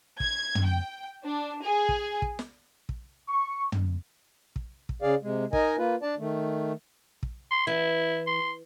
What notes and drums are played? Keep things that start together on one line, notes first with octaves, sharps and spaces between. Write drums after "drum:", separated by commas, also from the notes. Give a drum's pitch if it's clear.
G#6, drum: kick
drum: tom
G5
D4
G#4
drum: kick
drum: kick
drum: snare
drum: kick
C#6
drum: tom
drum: kick
drum: kick
C#3 G#4 D5 F5
C3 G#3
D#4 A#4 D#5 G#5, drum: kick
A#3 F4 B4
D4 D5 A5
D#3 A3
drum: kick
C6
E3 E4
C6